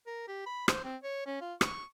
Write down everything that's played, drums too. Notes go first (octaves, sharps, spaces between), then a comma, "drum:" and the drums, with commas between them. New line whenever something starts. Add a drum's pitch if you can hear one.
A#4
G4
B5
C5, drum: rim click
C4
C#5
C#4
F4
C#6, drum: rim click